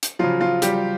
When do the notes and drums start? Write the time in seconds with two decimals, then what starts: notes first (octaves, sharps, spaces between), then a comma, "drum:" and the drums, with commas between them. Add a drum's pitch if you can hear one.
0.03 drum: hi-hat
0.19 C#3 F3 F#3 F4
0.41 F3 F4
0.62 G3 G4, drum: hi-hat